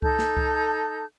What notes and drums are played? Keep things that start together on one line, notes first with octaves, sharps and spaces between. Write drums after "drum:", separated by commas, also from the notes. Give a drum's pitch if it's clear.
D#4 A4 A5 G6, drum: kick C2
drum: snare
drum: kick C2